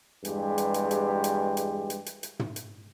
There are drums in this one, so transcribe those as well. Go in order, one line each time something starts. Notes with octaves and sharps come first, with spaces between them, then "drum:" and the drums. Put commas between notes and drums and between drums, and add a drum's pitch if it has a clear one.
E2 G2 G#3 G4 G#4, drum: hi-hat
drum: hi-hat
drum: hi-hat
drum: hi-hat
drum: hi-hat
drum: hi-hat
drum: hi-hat
drum: hi-hat
drum: hi-hat
drum: tom
drum: hi-hat